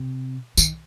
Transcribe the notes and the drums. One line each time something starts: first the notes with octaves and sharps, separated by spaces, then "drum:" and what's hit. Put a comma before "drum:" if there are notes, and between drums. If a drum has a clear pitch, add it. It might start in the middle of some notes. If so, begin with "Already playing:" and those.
Already playing: C3
D#3, drum: tambourine